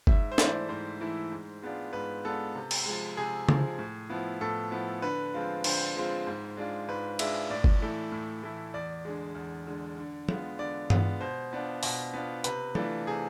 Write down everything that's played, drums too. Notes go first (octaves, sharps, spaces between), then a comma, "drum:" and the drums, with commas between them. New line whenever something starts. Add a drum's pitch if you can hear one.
G#2 E5, drum: kick G1
C5
E3 A3 E4 D5, drum: snare
G#2 C5
E3 A3 E4
G#2
G#3 B3 D4 F4
G#2 B4
G#3 B3 D4 F4 A4
C3
drum: cymbal
F3 G#3
C3 G#4
F3 G#3, drum: tom C#3
A2
F3 B3 E4
A2 A4
F3 B3 E4
D3 B4
F3 G#3 C4 F4
D3 C5, drum: cymbal
F3 G#3 C4 F4
G#2
G#3 D4 F4
G#2 B4
G#3 D4 F4 E5, drum: cymbal
A2 D5
drum: kick G1
E3 A3 E4
A2
E3 A3 E4
E2 D5
D3 G#3
E2
D3 G#3
D3
G#3 B3 F4, drum: tom
D3 D5
G#3 B3 F4, drum: tom G2
B2 C5
B3 D4 F4
B2, drum: open hi-hat
B3 D4 F4
C3 B4, drum: hi-hat
E3 A3 D4 F4, drum: tom
C3 G#4